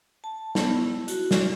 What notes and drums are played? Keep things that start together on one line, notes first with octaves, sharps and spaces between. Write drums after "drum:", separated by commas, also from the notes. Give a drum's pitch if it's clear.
A5
B3, drum: snare
E4
F#4, drum: hi-hat
drum: snare